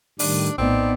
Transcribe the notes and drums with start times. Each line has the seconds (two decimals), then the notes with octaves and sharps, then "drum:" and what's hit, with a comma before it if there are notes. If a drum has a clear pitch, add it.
0.19 A2 D#3 G3 D4, drum: open hi-hat
0.58 A#1 A2 B3 C4 D#4 D5